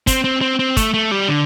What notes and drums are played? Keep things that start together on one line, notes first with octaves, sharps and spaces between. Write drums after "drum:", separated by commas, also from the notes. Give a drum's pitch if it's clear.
C4, drum: kick, hi-hat
C4
C4
C4
A3, drum: kick, hi-hat
A3
G3
D3